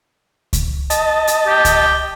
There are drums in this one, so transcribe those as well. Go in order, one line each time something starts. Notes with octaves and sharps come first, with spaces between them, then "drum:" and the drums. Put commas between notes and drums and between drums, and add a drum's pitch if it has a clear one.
drum: kick C#2, hi-hat
D#5 A5, drum: hi-hat
drum: hi-hat
G4
drum: kick C#2, hi-hat